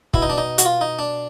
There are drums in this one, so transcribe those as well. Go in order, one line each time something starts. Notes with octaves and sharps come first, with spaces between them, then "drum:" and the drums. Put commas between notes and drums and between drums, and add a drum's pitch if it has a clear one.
B2 E4, drum: kick
D#4
D4
D#4
F#4, drum: hi-hat
F4
D#4
D4